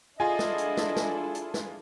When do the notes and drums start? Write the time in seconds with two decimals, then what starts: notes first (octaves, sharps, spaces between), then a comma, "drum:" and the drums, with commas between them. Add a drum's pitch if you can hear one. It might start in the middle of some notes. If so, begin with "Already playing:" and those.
0.20 D4 E4 F4 G#4 A4 D#5 G#5
0.39 drum: snare
0.58 drum: hi-hat
0.77 drum: snare
0.96 drum: snare
1.35 drum: hi-hat
1.54 drum: snare